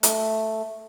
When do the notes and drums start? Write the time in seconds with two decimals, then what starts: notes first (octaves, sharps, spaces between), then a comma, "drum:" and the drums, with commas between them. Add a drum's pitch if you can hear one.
0.03 A3, drum: hi-hat